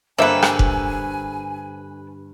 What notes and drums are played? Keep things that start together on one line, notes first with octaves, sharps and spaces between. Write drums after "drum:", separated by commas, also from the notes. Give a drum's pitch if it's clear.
G2 D3 A#3 C4 A4 B4 E5 G#5
drum: rim click
drum: kick F1